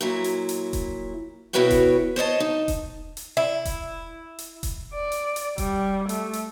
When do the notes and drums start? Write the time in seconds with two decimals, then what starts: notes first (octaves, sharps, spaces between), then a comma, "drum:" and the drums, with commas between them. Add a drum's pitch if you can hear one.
0.01 A#2 F#3 E4
0.24 drum: hi-hat
0.49 drum: hi-hat
0.73 drum: kick E1, hi-hat
1.53 B2 E4 F#4 B4 C#5 G5
1.71 drum: kick E1, hi-hat
2.16 C5 C#5 D#5 A5
2.40 D#4
2.68 drum: kick E1, hi-hat
3.17 drum: hi-hat
3.37 E4
3.65 drum: kick E1, hi-hat
4.39 drum: hi-hat
4.63 drum: kick E1, hi-hat
4.94 D5
5.12 drum: hi-hat
5.36 drum: hi-hat
5.58 G3, drum: kick E1, hi-hat
6.09 A3, drum: hi-hat
6.33 drum: hi-hat